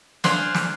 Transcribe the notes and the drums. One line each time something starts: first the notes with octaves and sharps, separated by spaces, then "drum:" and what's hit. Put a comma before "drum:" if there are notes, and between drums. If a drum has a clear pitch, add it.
D4 G#4 C5 F5, drum: snare
drum: snare